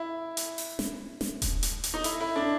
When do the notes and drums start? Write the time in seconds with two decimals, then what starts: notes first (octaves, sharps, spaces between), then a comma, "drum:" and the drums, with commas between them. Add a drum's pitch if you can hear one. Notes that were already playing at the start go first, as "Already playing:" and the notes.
Already playing: E4
0.37 drum: hi-hat
0.58 drum: open hi-hat
0.79 drum: snare
1.21 drum: snare
1.42 drum: kick D#1, hi-hat
1.63 drum: hi-hat
1.84 drum: hi-hat
1.94 D#4
2.04 E4, drum: hi-hat
2.20 E4
2.36 D4